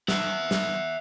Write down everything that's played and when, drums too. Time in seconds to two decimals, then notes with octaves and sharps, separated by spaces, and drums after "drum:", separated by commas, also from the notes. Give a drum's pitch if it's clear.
0.08 E5 F#5, drum: snare
0.51 drum: snare